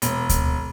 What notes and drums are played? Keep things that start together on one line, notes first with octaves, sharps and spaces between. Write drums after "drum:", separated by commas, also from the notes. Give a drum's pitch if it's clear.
E1, drum: hi-hat
drum: kick D2, hi-hat